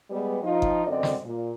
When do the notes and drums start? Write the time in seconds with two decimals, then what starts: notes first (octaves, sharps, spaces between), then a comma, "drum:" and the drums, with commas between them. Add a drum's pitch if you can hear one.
0.10 G3 G#3 B3
0.42 F3 D#4 F4
0.62 drum: kick G1
0.86 F#2 D3 C4 D5 D#5
1.03 drum: snare
1.24 A#2